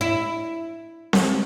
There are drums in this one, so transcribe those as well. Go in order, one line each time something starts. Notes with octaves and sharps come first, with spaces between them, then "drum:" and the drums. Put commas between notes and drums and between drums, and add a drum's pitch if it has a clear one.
E4
drum: snare C4